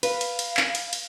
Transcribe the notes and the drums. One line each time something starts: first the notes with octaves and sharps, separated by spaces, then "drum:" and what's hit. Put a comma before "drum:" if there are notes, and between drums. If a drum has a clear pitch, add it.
B4 F5, drum: cymbal
drum: cymbal
drum: cymbal
drum: clap
drum: cymbal
drum: cymbal